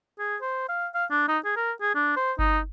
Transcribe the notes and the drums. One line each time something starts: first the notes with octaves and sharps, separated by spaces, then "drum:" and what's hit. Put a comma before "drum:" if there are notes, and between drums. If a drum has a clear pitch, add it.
G#4
C5
F5
F5
D4
D#4
G#4
A#4
G#4
D4
C5
D#4, drum: kick G1